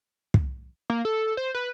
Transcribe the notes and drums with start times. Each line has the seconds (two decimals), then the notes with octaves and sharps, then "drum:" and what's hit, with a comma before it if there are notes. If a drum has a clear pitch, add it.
0.34 drum: kick
0.90 A#3
1.05 A4
1.37 C5
1.54 B4